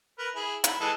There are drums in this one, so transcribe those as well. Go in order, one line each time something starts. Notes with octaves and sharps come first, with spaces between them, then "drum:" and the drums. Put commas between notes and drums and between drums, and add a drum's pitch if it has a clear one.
A#4 B4
E4 G#4
E4, drum: hi-hat
E3 G#3 A4